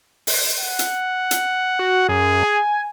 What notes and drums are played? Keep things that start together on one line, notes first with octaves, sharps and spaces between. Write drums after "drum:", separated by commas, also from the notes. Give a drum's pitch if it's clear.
drum: open hi-hat
F#5
drum: hi-hat
drum: hi-hat
F#4
F#2 G#4
G#5